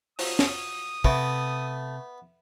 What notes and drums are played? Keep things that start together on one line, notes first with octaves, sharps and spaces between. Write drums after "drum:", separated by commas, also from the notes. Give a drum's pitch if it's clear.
F3 F#3 D#6, drum: open hi-hat
drum: snare
C3 A3 B3, drum: kick